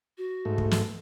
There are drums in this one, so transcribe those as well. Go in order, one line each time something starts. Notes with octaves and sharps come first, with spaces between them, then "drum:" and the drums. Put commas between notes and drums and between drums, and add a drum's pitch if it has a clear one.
F#4
G#2 A3
drum: kick
drum: snare